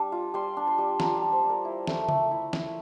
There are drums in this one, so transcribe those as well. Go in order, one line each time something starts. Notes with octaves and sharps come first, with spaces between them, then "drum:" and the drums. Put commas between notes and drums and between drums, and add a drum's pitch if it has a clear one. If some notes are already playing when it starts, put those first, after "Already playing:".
Already playing: G3 D4
F4
G3 C6
D4
C6
G3
F4 A#5, drum: snare
A5
G3
C5
D4
A#4
E4
A3, drum: snare
A3, drum: tom C#3
E4
E4, drum: snare